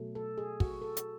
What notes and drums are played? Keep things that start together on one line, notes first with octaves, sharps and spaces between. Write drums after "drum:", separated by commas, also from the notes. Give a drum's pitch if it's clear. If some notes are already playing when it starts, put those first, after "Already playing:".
Already playing: B2 F#3 A3
A4
G#4
F#4, drum: kick
A4
drum: hi-hat